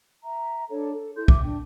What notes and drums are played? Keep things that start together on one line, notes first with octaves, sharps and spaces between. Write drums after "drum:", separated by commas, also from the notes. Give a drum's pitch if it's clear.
E5 A#5
D4 A4 C#5
A4
E4 A4 C6 G6
E5 D6, drum: kick
D4 G5